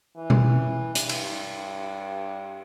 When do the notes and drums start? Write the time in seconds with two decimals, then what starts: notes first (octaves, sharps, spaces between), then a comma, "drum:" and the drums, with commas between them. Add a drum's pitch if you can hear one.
0.17 E3
0.30 drum: tom B2
0.95 G2, drum: hi-hat
1.09 drum: cymbal